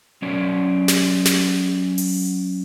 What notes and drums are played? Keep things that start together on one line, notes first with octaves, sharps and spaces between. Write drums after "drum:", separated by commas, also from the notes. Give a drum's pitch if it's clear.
F#3 C#4 C#5 D5
drum: snare
drum: snare
drum: open hi-hat